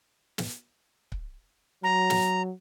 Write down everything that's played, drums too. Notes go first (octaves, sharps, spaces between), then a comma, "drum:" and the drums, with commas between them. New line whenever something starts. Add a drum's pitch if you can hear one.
drum: snare
drum: kick C#1
F#3 A#5
drum: snare